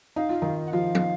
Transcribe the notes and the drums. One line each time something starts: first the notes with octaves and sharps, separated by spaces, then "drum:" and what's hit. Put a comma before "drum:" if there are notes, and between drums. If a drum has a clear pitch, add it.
D#4 F5
F4
D#3 D#4
F#5
F3 F4 F5
drum: tom